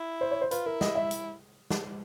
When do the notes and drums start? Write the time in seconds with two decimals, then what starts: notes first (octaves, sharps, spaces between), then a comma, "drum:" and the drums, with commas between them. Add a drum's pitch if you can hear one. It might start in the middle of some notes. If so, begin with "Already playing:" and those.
Already playing: E4
0.21 C5
0.31 C#5
0.41 C5
0.51 F4 B4, drum: hi-hat
0.66 E4 A#4
0.81 D#5, drum: snare
0.95 E5
1.11 drum: hi-hat
1.71 drum: snare